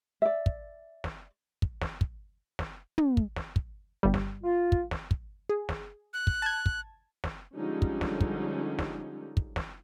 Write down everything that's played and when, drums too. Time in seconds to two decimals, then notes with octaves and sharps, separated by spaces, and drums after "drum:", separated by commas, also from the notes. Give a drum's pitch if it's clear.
0.22 D5 E5
0.46 drum: kick
1.04 drum: snare
1.62 drum: kick
1.82 drum: snare
2.01 drum: kick
2.59 drum: snare
2.98 drum: tom
3.17 drum: kick
3.36 drum: snare
3.56 drum: kick
4.03 G1 G3
4.14 drum: snare
4.44 F4
4.72 drum: kick
4.91 drum: snare
5.11 drum: kick
5.49 G#4
5.69 drum: snare
6.14 F#6
6.27 drum: kick
6.42 A5 G#6
6.66 drum: kick
7.24 drum: snare
7.56 D3 F3 G3 G#3 C#4 D#4
7.82 drum: kick
8.01 drum: snare
8.21 drum: kick
8.79 drum: snare
9.37 drum: kick
9.56 drum: snare